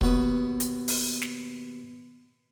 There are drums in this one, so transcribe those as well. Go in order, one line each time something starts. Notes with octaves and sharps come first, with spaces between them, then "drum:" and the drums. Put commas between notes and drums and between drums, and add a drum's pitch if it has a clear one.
D#2 B2 F#4 B4 D#6, drum: kick
drum: hi-hat
drum: open hi-hat
drum: snare